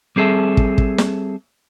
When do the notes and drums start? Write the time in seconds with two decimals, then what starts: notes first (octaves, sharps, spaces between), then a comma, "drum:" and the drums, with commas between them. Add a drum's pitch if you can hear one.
0.16 G3 C4 G#4 A4 E5
0.57 drum: kick
0.78 drum: kick
0.98 drum: snare